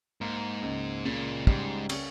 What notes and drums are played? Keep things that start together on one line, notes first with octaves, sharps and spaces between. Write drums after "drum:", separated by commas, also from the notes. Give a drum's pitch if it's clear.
G#2 A#3
C#2
A#2 C#3
G#2 G3, drum: kick
C#4, drum: cymbal